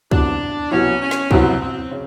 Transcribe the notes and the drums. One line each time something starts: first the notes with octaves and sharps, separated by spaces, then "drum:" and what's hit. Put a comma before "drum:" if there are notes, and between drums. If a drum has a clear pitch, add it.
C2 B2 F#3 B3 D4 E4, drum: kick
C2 B2 F#3 B3 C#4 E4
C#4
drum: snare
C2 B2 F#3 B3 C4 E4, drum: kick
C4
C#3